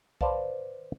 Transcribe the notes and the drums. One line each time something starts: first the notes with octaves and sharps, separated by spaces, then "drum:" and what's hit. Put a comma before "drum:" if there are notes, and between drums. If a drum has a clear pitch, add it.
B4 C5 D5 F5 A5, drum: kick B1